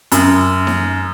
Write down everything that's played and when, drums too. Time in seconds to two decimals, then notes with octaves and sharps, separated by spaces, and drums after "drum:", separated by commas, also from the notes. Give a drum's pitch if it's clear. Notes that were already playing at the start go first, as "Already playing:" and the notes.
0.12 F#2, drum: hi-hat
0.67 drum: snare D#4